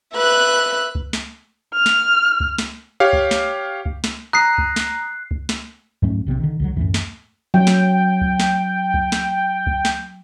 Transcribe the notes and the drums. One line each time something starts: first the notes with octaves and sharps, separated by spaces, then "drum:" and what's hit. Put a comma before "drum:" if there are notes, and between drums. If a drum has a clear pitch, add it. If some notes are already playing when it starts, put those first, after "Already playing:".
B4 E5 F#6
drum: kick C#2
drum: snare
F6
drum: snare
drum: kick C#2
drum: snare
G4 C#5 F5
drum: kick C#2
drum: snare
drum: kick C#2
drum: snare
A#5 D#6 F#6 C7
drum: kick C#2
drum: snare
drum: kick C#2
drum: snare
G#2 F#3 A3 C#4, drum: kick C#2
B1 C3 G3 C4
D3 D#3
C#2 D3 F#3
F#2 A2 E3, drum: kick C#2
drum: snare
F#3 G5
drum: snare
drum: kick C#2
drum: snare
drum: kick C#2
drum: snare
drum: kick C#2
drum: snare